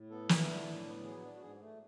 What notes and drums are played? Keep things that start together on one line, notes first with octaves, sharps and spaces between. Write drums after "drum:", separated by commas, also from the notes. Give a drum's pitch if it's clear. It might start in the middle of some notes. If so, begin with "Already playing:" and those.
Already playing: A2
B3 A4
E3, drum: snare
D4
A2
B3
F#3 G#4
D4
F#4
G#2 G#4
A3